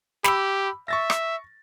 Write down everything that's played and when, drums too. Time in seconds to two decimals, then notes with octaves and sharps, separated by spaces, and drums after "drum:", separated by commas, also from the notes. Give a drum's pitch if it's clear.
0.24 G4 B5 D6 E6, drum: snare
0.88 E5 C#6 A6 A#6
1.10 drum: rim click